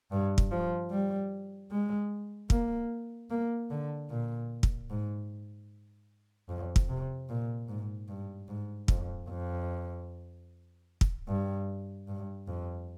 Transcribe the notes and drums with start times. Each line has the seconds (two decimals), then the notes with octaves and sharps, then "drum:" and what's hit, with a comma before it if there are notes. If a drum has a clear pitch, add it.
0.11 G2
0.38 drum: kick
0.51 F3
0.91 G3
1.71 G#3
2.50 A#3, drum: kick
3.30 A#3
3.71 D3
4.10 A#2
4.63 drum: kick
4.90 G#2
6.49 F2
6.76 drum: kick
6.89 C3
7.29 A#2
7.69 G#2
8.09 G2
8.48 G#2
8.88 F2, drum: kick
9.28 F2
11.01 drum: kick
11.28 G2
12.07 G2
12.47 F2